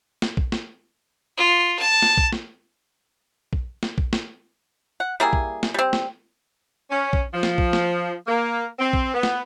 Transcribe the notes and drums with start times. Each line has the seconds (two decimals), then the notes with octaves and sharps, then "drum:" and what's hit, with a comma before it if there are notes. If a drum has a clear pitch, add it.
0.22 drum: snare
0.37 drum: kick
0.52 drum: snare
1.37 F4
1.79 A5
2.02 drum: snare
2.17 drum: kick
2.32 drum: snare
3.53 drum: kick
3.83 drum: snare
3.98 drum: kick
4.13 drum: snare
5.00 F#5
5.20 G3 A#3 E4 G#4
5.33 drum: kick
5.63 drum: snare
5.74 G3 C4
5.93 drum: snare
6.90 C#4
7.13 drum: kick
7.34 F3
7.43 drum: snare
7.58 drum: kick
7.73 drum: snare
8.27 A#3
8.78 C4
8.93 drum: kick
9.14 B3
9.23 drum: snare